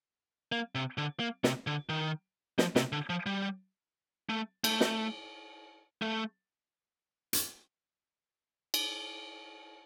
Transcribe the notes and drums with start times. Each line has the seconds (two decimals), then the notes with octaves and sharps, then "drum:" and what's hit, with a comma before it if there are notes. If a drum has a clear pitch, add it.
0.52 A#3
0.75 C3
0.98 D3
1.20 A#3
1.44 C3, drum: snare
1.67 D3
1.89 D#3
2.58 F3, drum: snare
2.76 C3, drum: snare
2.92 D3
3.10 F3
3.26 G3
4.29 A3
4.64 A3, drum: cymbal
4.81 drum: snare
6.02 A3
7.33 drum: hi-hat
8.74 drum: cymbal